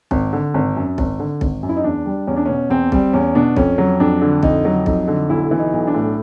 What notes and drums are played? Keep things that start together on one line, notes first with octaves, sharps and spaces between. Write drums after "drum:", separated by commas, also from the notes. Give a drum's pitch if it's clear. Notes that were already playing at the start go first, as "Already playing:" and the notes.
G#1, drum: kick B1
D3
G#1
F#2
G#1, drum: kick B1
D3
G#1, drum: kick B1
F#2
E4
D#4
E2 D4
G3
E2 C#4
D4
B2 C#4
E2 C4
G3 C4, drum: kick B1
E2 C#4
B2 D4
F2 C#4, drum: kick B1
F#3
F2 D4
D3
F2 D#4, drum: kick B1
F#3
F2 D#4, drum: kick B1
D3
B1 E4
E3
D#4
B1
D4
A2